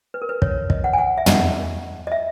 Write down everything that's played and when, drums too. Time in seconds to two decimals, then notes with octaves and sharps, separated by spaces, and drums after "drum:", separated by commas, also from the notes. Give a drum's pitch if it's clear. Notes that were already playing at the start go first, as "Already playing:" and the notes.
0.14 B4
0.22 A#4
0.29 B4
0.42 C#5, drum: kick
0.70 D#5, drum: kick
0.84 F#5
0.93 G#5
0.98 F#5
1.18 E5
1.26 D#5, drum: tom
2.07 D#5
2.12 E5